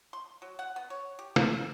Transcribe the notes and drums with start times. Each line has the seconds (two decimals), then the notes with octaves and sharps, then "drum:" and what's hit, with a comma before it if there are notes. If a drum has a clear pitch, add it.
0.13 C6
0.42 F#3
0.59 F#5
0.76 B3
0.90 C#5
1.19 G4
1.36 C5, drum: snare